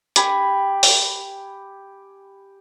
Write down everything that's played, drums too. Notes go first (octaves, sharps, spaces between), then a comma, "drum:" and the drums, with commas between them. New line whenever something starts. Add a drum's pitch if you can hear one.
G4 G#5 B5, drum: hi-hat
drum: open hi-hat